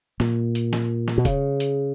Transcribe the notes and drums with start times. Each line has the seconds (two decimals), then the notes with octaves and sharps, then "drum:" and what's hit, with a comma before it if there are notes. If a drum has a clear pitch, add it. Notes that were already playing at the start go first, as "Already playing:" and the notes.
0.20 A#2, drum: snare
0.55 drum: hi-hat
0.73 drum: snare
1.08 drum: snare
1.18 B2
1.25 C#3, drum: kick E1, hi-hat
1.60 drum: hi-hat